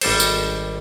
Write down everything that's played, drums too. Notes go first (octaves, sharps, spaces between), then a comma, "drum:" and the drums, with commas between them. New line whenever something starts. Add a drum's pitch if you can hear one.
G#1 G3 A4 C5, drum: cymbal
drum: tambourine